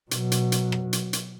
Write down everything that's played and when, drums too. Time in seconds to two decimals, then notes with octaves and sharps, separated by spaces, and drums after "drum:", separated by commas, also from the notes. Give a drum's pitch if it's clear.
0.11 B2 F#3, drum: hi-hat
0.32 drum: hi-hat
0.52 drum: hi-hat
0.72 drum: rim click
0.93 drum: hi-hat
1.13 drum: hi-hat